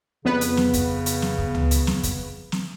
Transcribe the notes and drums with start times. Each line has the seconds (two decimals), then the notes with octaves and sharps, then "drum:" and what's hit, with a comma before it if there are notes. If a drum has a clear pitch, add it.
0.25 F2 C#3 B3 B4
0.41 drum: hi-hat
0.57 drum: snare
0.73 drum: kick, hi-hat
1.06 drum: hi-hat
1.22 drum: snare
1.38 drum: kick
1.55 drum: tom C#2
1.71 drum: hi-hat
1.87 drum: snare
2.03 drum: kick, hi-hat
2.52 drum: snare